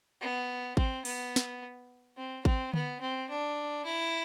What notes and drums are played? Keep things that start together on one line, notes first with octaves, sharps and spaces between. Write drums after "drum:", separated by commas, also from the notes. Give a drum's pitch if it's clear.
B3
C4, drum: kick G#1
B3, drum: open hi-hat
drum: snare
C4
C4, drum: kick G#1
B3, drum: tom D3
C4
D4
E4